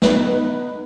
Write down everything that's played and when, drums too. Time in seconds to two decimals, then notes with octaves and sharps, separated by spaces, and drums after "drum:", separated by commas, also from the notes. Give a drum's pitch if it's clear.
0.02 B3 D#4 B4, drum: snare